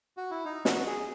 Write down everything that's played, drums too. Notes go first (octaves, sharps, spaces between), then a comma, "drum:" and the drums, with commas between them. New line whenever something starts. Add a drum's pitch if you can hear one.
F#4
E4
D#4
F#4, drum: snare
G#4